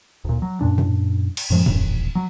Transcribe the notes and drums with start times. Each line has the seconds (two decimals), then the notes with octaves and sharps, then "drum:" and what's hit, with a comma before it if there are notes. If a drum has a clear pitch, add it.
0.25 D2 A#2
0.42 F#3
0.61 F#2 A#2 D4
0.78 drum: tom G#2
1.37 drum: cymbal
1.50 F#2 A2 F3 G#3
1.66 D#1 A1, drum: tom F2
2.15 F#3